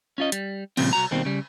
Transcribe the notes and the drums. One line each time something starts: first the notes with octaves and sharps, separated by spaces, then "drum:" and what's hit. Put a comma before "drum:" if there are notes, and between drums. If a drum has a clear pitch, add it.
C#4 F4 D#5
G3, drum: hi-hat
A#2 C#3 F3 G3 C4, drum: cymbal
C2 F#4 A#5
D#2 B2 D#3 G3 C4
C#3 G3